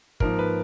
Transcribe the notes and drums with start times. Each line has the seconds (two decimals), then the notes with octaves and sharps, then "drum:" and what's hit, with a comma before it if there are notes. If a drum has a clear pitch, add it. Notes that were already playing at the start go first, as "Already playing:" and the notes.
0.20 G#2 F3 A#3 A#4, drum: kick
0.39 B4